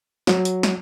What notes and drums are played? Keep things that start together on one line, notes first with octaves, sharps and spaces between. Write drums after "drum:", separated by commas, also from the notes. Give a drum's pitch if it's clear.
F#3, drum: snare
drum: hi-hat
drum: snare